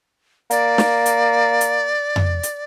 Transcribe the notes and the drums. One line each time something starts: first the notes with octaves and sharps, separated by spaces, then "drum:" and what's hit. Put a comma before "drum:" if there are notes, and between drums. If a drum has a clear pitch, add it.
A#3 D5, drum: hi-hat
drum: snare
drum: hi-hat
drum: hi-hat
drum: tom F2
drum: hi-hat